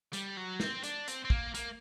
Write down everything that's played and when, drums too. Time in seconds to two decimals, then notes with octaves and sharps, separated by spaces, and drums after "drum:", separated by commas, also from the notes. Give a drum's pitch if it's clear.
0.13 G3, drum: hi-hat
0.37 F#3
0.60 C4, drum: snare
0.83 D4, drum: hi-hat
1.08 C4, drum: hi-hat
1.25 C4
1.30 A#3, drum: kick
1.55 A#3, drum: hi-hat